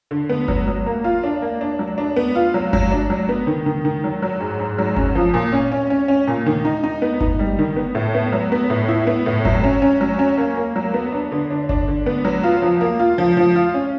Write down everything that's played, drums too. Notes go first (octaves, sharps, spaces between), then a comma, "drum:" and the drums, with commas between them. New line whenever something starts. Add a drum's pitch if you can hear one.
D3
B3
F#3, drum: kick G1
F#3
A#3
F4
D4
A#3
D4
F#3
D4
B3
F4
F#3
F#3, drum: kick G1
D4
F#3
B3
D#3
D#3
D#3
F#3
F#3
G#2
G#2
F#3
C#4, drum: kick G1
F3
A#2
C#4
C#4
C#4
C#4
A#2
D#3
D#4
D#4
B3
D#4, drum: kick G1
G3
D#3
B3
A2
B3
F#3
B3
A2
E4
B3
A2
F#3, drum: kick G1
C#4
C#4
F#3
C#4
A#3
A#3
F#3
B3
D4
D3
D4
D4, drum: kick G1
D3
B3
F#3
F4
F3
A#3
F4
F3
F3
F4
C#4